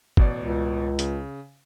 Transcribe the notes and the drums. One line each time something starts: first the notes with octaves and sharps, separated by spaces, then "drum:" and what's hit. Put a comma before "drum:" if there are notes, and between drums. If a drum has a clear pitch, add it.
A1 B2 D5, drum: kick G1
C#2
C#3, drum: hi-hat